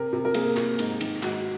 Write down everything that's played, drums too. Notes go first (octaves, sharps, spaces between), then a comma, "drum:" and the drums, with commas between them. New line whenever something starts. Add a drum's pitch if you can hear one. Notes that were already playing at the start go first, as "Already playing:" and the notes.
Already playing: C3 A#4
C3
A#4
A#3 G#4, drum: cymbal
C3, drum: clap
G#2, drum: cymbal
D#3, drum: cymbal
G#2 F#4, drum: clap